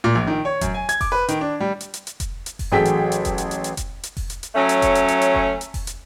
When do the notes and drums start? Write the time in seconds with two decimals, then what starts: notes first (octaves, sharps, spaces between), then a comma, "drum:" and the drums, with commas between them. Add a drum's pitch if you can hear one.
0.04 A#2
0.15 A#1
0.27 D#3
0.45 C#5
0.61 F#2, drum: kick F1, hi-hat
0.74 G#5
0.89 G#6, drum: hi-hat
1.01 D6, drum: kick F1, open hi-hat
1.12 B4
1.28 D#3, drum: hi-hat
1.41 D4
1.60 G3
1.81 drum: hi-hat
1.94 drum: hi-hat
2.07 drum: hi-hat
2.20 drum: kick F1, hi-hat
2.46 drum: hi-hat
2.59 drum: kick F1, open hi-hat
2.72 A1 F#3 G#4 A4 G5 B6
2.85 drum: hi-hat
3.12 drum: hi-hat
3.25 drum: kick F1, hi-hat
3.38 drum: hi-hat
3.51 drum: hi-hat
3.64 drum: hi-hat
3.77 drum: kick F1, hi-hat
4.03 drum: hi-hat
4.17 drum: kick F1, open hi-hat
4.30 drum: hi-hat
4.43 drum: hi-hat
4.55 F#3 A3 C#4
4.69 drum: hi-hat
4.82 drum: kick F1, hi-hat
4.95 drum: hi-hat
5.08 drum: hi-hat
5.22 drum: hi-hat
5.35 drum: kick F1
5.61 drum: hi-hat
5.74 drum: kick F1, open hi-hat
5.87 drum: hi-hat